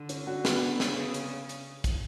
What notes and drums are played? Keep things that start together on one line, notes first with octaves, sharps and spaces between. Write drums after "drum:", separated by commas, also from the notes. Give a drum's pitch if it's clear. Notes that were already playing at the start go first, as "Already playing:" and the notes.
Already playing: D3
C#4, drum: hi-hat
D4 F#4
B3 D4, drum: snare
C#3, drum: snare
drum: hi-hat
drum: hi-hat
drum: kick, hi-hat